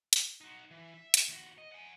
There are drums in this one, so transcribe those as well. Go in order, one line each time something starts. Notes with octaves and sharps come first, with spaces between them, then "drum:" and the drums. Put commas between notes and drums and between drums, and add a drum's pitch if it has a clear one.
drum: hi-hat
D#4 F#4
E3
E5
drum: hi-hat
D#2 F#4
D#5
F#5 G#5